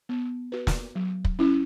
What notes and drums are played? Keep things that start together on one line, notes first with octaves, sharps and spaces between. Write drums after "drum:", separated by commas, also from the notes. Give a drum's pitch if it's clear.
B3
F#4 B4
drum: snare
F#3
drum: kick
C#4 E4